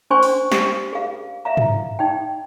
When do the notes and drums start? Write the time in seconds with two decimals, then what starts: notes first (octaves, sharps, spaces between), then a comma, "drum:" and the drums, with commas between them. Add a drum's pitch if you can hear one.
0.10 C#4 D4 C5 G#5 C6 C#6
0.23 drum: open hi-hat
0.52 G4, drum: snare
0.93 G#4 F5
1.45 E5 F5 A#5
1.57 drum: tom
1.99 D#4 G5